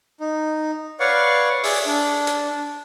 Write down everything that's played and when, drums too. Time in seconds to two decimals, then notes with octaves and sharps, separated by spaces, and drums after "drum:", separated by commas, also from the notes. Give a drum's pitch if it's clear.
0.20 D#4
1.00 B4 C#5 D5 F5 F#5 C#6
1.64 G#4 D5 E5, drum: open hi-hat
1.86 D4
2.27 drum: hi-hat